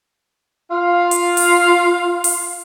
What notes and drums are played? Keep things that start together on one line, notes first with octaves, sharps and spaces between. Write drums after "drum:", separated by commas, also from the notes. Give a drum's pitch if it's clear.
F4 F5
drum: hi-hat
drum: open hi-hat
drum: open hi-hat